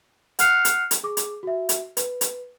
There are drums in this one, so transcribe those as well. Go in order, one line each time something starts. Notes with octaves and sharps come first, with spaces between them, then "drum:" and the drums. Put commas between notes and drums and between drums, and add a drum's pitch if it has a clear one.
F#5 F6 F#6 C7 C#7 F7, drum: hi-hat
drum: hi-hat
drum: hi-hat
G#4 D6
drum: hi-hat
F#4 E5
drum: hi-hat
B4, drum: hi-hat
drum: hi-hat